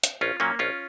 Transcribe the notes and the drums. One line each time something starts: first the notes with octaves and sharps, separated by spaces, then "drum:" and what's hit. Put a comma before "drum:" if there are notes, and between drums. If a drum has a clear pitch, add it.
drum: hi-hat
A#1 C#4 F4
A#2 F#3 A#3 C#4
A#1 C#4 F4